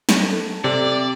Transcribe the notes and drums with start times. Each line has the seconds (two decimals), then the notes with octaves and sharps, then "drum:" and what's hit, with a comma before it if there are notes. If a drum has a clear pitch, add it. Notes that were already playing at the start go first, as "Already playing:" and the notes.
0.09 drum: snare
0.23 A4
0.64 C3 D5